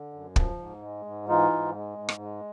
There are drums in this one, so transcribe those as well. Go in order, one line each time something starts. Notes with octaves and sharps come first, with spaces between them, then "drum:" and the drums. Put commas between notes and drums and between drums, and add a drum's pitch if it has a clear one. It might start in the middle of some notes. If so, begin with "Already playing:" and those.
Already playing: D3
F#2
F3, drum: kick
G#2
G#3
G#2
E3 D#4 F4
G#2
G#3
G#2
drum: rim click
G#3